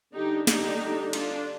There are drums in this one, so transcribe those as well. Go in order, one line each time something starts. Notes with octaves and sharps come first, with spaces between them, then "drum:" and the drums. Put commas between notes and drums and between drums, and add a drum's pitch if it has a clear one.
D3 G3 D4 D#4 G4
D#4 G4, drum: snare
D4 F4, drum: cymbal